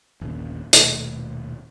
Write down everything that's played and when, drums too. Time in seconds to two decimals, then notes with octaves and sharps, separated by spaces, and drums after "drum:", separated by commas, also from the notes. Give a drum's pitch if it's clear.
0.21 G1 D#2 A#2 C#3
0.73 D#1 B2 A3, drum: hi-hat